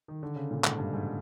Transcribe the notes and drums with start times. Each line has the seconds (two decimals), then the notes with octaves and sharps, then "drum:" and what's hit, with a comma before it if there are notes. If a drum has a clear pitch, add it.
0.08 D#3
0.23 D3
0.36 C#3
0.51 A#2
0.64 G#2, drum: clap
0.78 G2
0.93 G#2